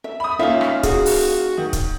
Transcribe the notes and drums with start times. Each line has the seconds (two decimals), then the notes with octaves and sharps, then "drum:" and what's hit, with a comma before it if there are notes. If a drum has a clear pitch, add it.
0.04 E5
0.20 B5 D#6
0.39 A#3 C#4 D#4 F4 E5
0.61 drum: rim click
0.83 F#4 G#4, drum: kick, hi-hat
1.06 drum: open hi-hat
1.58 D#3
1.73 drum: kick, hi-hat